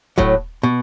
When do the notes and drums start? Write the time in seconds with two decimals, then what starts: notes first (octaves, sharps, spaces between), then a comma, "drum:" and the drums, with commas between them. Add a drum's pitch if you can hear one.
0.18 A2 F#3, drum: kick D#1
0.63 B2